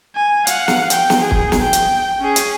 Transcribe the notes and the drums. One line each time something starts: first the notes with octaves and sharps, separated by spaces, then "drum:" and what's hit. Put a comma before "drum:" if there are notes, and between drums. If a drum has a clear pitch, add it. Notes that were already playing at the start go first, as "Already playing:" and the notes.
G#5
F5 F#5, drum: hi-hat
drum: snare
G5, drum: hi-hat
drum: snare
G#4
drum: kick
drum: snare
G5
drum: hi-hat
C#4 G#4
drum: hi-hat